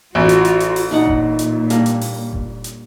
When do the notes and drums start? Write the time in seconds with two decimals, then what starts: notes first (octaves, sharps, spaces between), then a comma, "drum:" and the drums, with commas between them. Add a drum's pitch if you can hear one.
0.15 A1 F4 F#4
0.29 drum: hi-hat
0.45 drum: hi-hat
0.60 drum: hi-hat
0.76 drum: open hi-hat
0.91 A#2 D4 D#4 F#5
1.07 drum: kick F1
1.39 drum: hi-hat
1.70 G3 A#3 D4, drum: hi-hat
1.86 drum: hi-hat
2.01 drum: open hi-hat
2.33 drum: kick F1
2.64 drum: hi-hat